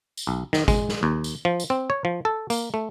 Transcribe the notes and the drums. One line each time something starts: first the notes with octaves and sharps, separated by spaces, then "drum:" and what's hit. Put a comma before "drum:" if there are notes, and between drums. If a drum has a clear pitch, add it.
drum: tambourine
B1
D#3, drum: snare
G#3, drum: kick, tambourine
drum: snare
D#2
drum: tambourine
F3
drum: tambourine
C4
C#5
F3
A4
A#3, drum: tambourine
A3